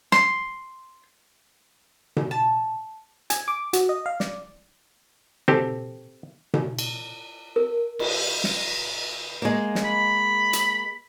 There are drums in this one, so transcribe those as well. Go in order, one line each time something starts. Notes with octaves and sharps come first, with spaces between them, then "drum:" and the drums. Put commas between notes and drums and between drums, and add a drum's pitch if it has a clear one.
C6, drum: snare
drum: tom B2
A5
G#5, drum: hi-hat
D6
F#4, drum: hi-hat
D#5
F5
D5, drum: snare
C4 G4 A4, drum: tom B2
drum: tom B2
drum: cymbal
A#4
drum: cymbal
drum: snare
G#3 A#3
drum: snare
B5
drum: hi-hat